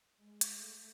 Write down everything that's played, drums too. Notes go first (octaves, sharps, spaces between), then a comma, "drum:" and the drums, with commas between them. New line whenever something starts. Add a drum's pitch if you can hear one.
G#3
drum: hi-hat
A3